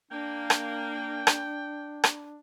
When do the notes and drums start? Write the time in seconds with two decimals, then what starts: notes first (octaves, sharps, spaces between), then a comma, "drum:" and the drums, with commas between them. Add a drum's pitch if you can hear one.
0.11 A#3 D4 G5
0.50 drum: rim click
1.27 drum: rim click
2.04 drum: rim click